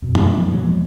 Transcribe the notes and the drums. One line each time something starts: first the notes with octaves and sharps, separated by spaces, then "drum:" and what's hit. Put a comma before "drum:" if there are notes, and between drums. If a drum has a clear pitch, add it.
F2 B2
G#3 D4, drum: tom
F3 F#3 A#3
B2 E3 F#3
E2 F3 G#3